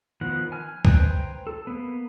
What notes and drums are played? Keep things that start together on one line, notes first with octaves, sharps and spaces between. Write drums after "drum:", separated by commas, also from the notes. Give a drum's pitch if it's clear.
D#3 F3 B3 F#5
G#5 F6
B4 C5 G5 G#5 A#5, drum: kick C#2
A4
A#3 B3